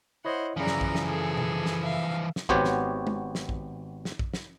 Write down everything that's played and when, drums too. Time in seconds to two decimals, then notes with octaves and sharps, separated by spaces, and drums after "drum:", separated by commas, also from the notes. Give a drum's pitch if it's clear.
0.25 E4 C5 C#5 D#5 F#5
0.57 F#2 C#3 E3 F3 D5 A#5
0.67 drum: snare
0.81 drum: kick
0.95 drum: snare
1.06 G#4 A4
1.37 drum: tom B2
1.66 drum: snare
1.84 E5 F5
2.36 drum: snare
2.49 G#1 B3 F#4 G4 C5 C#5, drum: kick
2.64 drum: snare
3.07 drum: tom
3.35 drum: snare
3.49 drum: kick
4.05 drum: snare
4.19 drum: kick
4.34 drum: snare